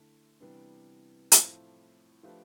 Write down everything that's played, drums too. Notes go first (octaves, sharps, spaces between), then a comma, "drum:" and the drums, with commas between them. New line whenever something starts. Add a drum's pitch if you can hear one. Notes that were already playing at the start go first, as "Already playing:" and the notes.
Already playing: D3 A3 E4
C3 E3 G3 B3 D4
A2 F3 A3 C4, drum: hi-hat
F3 A3 D4 G4 B4